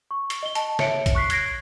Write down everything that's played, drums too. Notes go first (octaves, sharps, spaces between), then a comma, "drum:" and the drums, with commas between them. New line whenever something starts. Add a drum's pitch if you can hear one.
C#6
drum: hi-hat
D#5 G7
A5, drum: hi-hat
C#5 E5 C#7 D7, drum: snare
drum: kick, hi-hat
C#6 F#6 B6 C7
F#6 G#6 A#6 C7 D7, drum: hi-hat